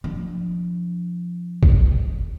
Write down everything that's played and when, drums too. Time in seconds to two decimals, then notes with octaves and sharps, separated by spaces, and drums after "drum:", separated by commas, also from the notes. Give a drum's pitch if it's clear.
0.04 F3 D4
1.63 drum: kick